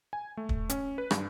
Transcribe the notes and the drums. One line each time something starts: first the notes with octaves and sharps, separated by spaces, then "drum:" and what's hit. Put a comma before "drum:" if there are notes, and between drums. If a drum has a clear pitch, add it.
G#5
A3
drum: kick
C#4, drum: hi-hat
B4
G2, drum: rim click